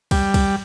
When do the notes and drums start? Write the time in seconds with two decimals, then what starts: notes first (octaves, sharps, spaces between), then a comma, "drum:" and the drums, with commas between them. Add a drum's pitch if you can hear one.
0.11 G3, drum: kick, cymbal
0.34 drum: kick, cymbal